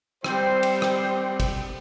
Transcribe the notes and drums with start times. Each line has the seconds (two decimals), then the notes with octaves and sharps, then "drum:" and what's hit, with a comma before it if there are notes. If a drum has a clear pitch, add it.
0.24 G3 C4 C5, drum: rim click
0.63 drum: cymbal
0.82 drum: rim click
1.40 drum: kick, cymbal